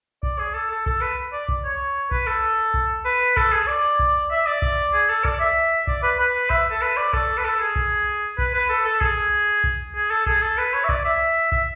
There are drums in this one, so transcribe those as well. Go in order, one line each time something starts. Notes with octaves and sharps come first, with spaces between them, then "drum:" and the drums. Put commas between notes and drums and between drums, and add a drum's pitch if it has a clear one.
D5, drum: kick B1
G#4
A4
A4
A4, drum: kick B1
B4
D5
drum: kick B1
C#5
B4, drum: kick B1
A4
drum: kick B1
B4
A4, drum: kick B1
G#4
D5
drum: kick B1
E5
D5
drum: kick B1
G#4
A4
D5, drum: kick B1
E5
D5, drum: kick B1
B4
B4
E5, drum: kick B1
A4
B4
D5
A4, drum: kick B1
B4
A4
G#4
drum: kick B1
B4, drum: kick B1
B4
A4
A4
G#4, drum: kick B1
drum: kick B1
G#4
A4
G#4, drum: kick B1
A4
B4
C#5
E5
D5, drum: kick B1
E5
E5, drum: kick B1